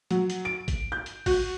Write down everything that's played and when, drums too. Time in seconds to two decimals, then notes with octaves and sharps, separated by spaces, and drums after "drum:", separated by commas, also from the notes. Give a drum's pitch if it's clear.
0.11 F#3, drum: hi-hat
0.30 drum: hi-hat
0.45 D7
0.68 drum: kick A1, hi-hat
0.92 G6
1.06 drum: hi-hat
1.26 F#4, drum: kick A1, open hi-hat